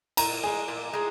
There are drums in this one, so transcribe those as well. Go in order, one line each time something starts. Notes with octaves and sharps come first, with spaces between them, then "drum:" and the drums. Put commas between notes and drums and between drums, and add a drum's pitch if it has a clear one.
A#2 A#5, drum: cymbal
G#3 D#4 G#5
A#2
G#3 D#4